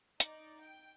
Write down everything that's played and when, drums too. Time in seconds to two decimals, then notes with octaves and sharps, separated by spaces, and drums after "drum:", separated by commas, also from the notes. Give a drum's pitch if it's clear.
0.20 D#4 D5, drum: hi-hat
0.62 G5